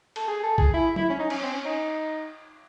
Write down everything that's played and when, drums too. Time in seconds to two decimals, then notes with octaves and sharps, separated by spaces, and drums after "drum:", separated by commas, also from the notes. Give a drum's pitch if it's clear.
0.16 A4, drum: cymbal
0.28 G#4
0.43 A4
0.58 G#4, drum: kick
0.73 E4
0.96 E4, drum: tom
1.09 C#4
1.19 D#4
1.30 C#4, drum: cymbal
1.42 C4
1.53 C#4
1.65 D#4